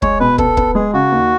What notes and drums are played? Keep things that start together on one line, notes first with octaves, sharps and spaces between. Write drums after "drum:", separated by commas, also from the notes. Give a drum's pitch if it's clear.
G#3 C#5, drum: kick
B2 B4
B3 A4, drum: kick
B3, drum: kick
G#3 G#4
C#3 F#4
D#2